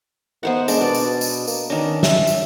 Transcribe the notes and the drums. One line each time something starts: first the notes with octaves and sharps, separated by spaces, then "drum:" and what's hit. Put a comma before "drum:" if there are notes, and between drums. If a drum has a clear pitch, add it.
D#3 B3 C5 F#5
G#3 D4, drum: tambourine
B2 D5
drum: tambourine
drum: tambourine
A#3, drum: tambourine
D#3 C#4 D4
E5, drum: snare
drum: tambourine